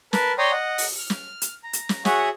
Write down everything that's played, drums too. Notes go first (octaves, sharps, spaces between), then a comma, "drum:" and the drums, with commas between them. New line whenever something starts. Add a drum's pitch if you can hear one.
A#4 B4 A5, drum: snare
C#5 D5 G5 A#5 C6 D#6
D#5 F#5
drum: open hi-hat
F6
drum: snare
drum: hi-hat
A#5
drum: hi-hat
drum: snare
F#4 G#4 C#5 E5 F#5 D#6, drum: snare